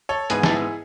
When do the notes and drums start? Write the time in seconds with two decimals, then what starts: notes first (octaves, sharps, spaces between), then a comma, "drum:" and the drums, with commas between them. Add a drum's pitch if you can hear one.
0.09 A4 C#5
0.30 G#2 E3 B3 G#4 B4, drum: hi-hat
0.43 A4, drum: snare
0.51 E4 G#4